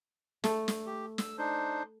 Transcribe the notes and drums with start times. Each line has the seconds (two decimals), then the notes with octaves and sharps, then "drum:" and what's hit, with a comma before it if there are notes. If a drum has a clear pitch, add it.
0.44 A3 A4, drum: snare
0.68 drum: snare
0.86 G4
1.18 E6, drum: snare
1.38 D4 D#4 C5